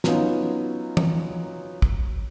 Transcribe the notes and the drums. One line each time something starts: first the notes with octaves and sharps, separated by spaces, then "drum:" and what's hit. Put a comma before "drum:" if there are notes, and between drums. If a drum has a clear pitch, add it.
F#3 B3 C#4 D#4 F4, drum: snare
drum: tom
drum: kick